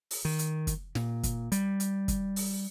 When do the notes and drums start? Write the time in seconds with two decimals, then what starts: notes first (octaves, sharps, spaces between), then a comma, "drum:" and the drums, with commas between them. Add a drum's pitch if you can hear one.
0.11 drum: open hi-hat
0.25 D#3
0.39 drum: hi-hat
0.67 drum: kick, hi-hat
0.95 A#2, drum: snare
1.23 drum: kick, hi-hat
1.52 G3, drum: hi-hat
1.80 drum: hi-hat
2.08 drum: kick, hi-hat
2.36 drum: open hi-hat